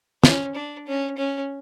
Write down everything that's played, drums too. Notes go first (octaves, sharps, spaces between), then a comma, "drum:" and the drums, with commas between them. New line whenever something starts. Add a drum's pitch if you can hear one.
C#4, drum: snare
D4
C#4
C#4